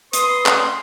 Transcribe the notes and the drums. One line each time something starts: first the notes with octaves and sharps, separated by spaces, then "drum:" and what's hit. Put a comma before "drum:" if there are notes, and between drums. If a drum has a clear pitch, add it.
B4 C6 D#6, drum: hi-hat
drum: clap